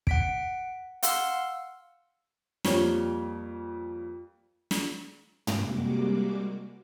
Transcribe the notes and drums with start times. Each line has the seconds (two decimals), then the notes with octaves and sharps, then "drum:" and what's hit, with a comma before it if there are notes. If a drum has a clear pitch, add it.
0.07 F#5 B6 D7, drum: kick
1.03 F5 F#5 C6 E6, drum: hi-hat
2.65 F2 F3 G3 A#3 C#5 G7, drum: snare
4.71 drum: snare
5.47 C3 G3 G#3 A#3 F#4 D6, drum: tom